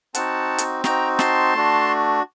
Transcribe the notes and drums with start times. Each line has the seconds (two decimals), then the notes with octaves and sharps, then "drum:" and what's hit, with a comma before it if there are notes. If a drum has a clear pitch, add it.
0.15 C4 D#4 F#4 F#5 A5, drum: hi-hat
0.58 drum: hi-hat
0.84 C4 D#4 F#4 G5 A#5, drum: snare
1.19 A5 C6, drum: snare
1.54 A3 D4 F#4